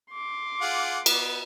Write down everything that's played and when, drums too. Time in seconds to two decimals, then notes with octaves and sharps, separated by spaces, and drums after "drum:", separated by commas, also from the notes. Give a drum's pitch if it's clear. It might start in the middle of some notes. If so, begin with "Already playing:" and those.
0.12 C6 D6
0.61 F4 G#4 F#5
1.06 B3, drum: cymbal